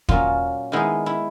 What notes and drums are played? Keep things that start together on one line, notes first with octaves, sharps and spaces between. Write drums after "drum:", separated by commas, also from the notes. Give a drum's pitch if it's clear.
A#2 F#3 A#3 C#4 F4, drum: kick
D#3 G#3 B3 D#4 E4
E4